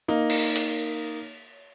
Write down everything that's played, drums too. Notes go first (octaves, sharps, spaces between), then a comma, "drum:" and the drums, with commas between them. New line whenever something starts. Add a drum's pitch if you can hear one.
A#3 D#4
drum: cymbal
drum: hi-hat